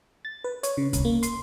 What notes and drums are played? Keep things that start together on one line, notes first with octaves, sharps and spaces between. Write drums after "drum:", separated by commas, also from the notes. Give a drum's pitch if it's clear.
A6
B4
C#5, drum: hi-hat
C#3
C2, drum: kick C#2, hi-hat
A#3
C6, drum: hi-hat